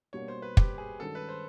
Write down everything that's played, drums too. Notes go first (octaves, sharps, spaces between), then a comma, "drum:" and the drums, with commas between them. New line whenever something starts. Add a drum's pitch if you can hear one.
B2 G3 A#3 D4 F#4 C#5
C5
B4
G4, drum: kick
G#4
G2 D#3 G#3 C#4 F#4 A4
B4
C5